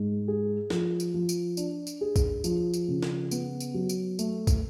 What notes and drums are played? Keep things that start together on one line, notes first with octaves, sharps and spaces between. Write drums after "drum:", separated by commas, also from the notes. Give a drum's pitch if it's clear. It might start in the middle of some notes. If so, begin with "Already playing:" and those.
Already playing: G#2
G#4
F3, drum: snare
drum: tambourine
F3
drum: tambourine
D4, drum: tambourine
drum: tambourine
G#4
drum: kick, tambourine
F3, drum: tambourine
drum: tambourine
C#3
drum: snare
B3, drum: tambourine
drum: tambourine
F#3
drum: tambourine
A3, drum: tambourine
drum: kick, tambourine